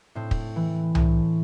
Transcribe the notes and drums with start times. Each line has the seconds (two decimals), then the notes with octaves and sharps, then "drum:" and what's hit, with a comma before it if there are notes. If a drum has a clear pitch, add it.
0.15 A2 C4
0.31 drum: kick
0.56 E3
0.95 A2, drum: tom C2